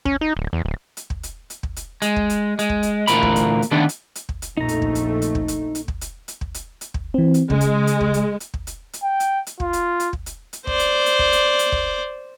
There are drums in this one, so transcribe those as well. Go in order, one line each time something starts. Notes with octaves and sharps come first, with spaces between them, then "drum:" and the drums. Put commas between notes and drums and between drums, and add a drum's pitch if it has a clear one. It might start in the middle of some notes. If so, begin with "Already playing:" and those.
C#4, drum: kick
D#4
D1
E2
D1
drum: hi-hat
drum: kick
drum: hi-hat
drum: hi-hat
drum: kick
drum: hi-hat
G#3, drum: hi-hat
drum: kick
drum: hi-hat
G#3, drum: hi-hat
drum: kick
drum: hi-hat
D2 G2 A#2 E3 A#4 B5, drum: hi-hat
drum: kick
drum: hi-hat
drum: hi-hat
D3 D#3 A3 B3 D4
drum: hi-hat
drum: hi-hat
drum: kick
drum: hi-hat
A#1 F2 A3 D#4 A#5
drum: hi-hat
drum: kick
drum: hi-hat
drum: hi-hat
drum: kick
drum: hi-hat
drum: hi-hat
drum: kick
drum: hi-hat
drum: hi-hat
drum: kick
drum: hi-hat
drum: hi-hat
drum: kick
E3 C4
drum: hi-hat
C#3 G#3, drum: kick
drum: hi-hat
drum: hi-hat
drum: kick
drum: hi-hat
drum: hi-hat
drum: kick
drum: hi-hat
drum: hi-hat
G5
drum: hi-hat
drum: hi-hat
F4, drum: kick
drum: hi-hat
drum: hi-hat
drum: kick
drum: hi-hat
drum: hi-hat
C5 D5, drum: kick
drum: hi-hat
drum: hi-hat
drum: kick
drum: hi-hat
drum: hi-hat
drum: kick